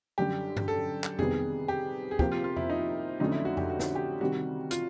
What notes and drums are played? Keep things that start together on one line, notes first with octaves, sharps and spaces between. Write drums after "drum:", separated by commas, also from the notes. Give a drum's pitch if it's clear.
F#2 D3 G3 G4
drum: tom G2
A4
drum: clap
C3 D#3 G3 B3 G#4, drum: tom F2
G4
G#4
C3 F3 A#3 G4, drum: kick
F4
F4
E4, drum: tom F2
D#4
F2 D3 F#3 A3 C#4 D#4
E4
F#4
G4, drum: tom F2
F#4
drum: snare
G4
C3 D#3 G3 F#4
F4, drum: hi-hat